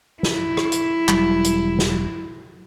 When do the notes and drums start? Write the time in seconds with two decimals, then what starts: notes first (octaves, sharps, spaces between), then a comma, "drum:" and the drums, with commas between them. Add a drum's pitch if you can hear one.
0.23 E4, drum: snare
0.57 drum: rim click
0.72 drum: hi-hat
1.08 E1 F#3 G3, drum: clap
1.44 drum: hi-hat
1.79 drum: snare